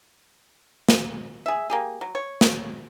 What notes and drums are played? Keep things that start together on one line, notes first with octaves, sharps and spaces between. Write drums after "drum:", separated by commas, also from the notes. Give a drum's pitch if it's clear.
drum: snare
G#4 E5
A#3 G4 G#4
F#3
C#5
drum: snare